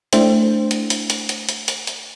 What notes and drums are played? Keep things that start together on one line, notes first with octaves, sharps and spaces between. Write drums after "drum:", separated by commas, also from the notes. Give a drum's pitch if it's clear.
A3 D4 E4 C5 G5, drum: hi-hat
drum: hi-hat
drum: hi-hat
drum: hi-hat
drum: hi-hat
drum: hi-hat
drum: hi-hat
drum: hi-hat